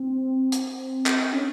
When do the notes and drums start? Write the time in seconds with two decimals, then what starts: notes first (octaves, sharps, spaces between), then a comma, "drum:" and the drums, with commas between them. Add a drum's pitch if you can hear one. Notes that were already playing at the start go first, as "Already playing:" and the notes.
Already playing: C4
0.52 drum: hi-hat
1.06 drum: clap
1.33 C#4